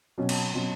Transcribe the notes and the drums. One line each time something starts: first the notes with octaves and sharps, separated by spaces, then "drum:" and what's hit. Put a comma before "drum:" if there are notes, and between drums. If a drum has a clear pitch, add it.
B2 F#3 C#4
drum: cymbal
B2 F#3 C#4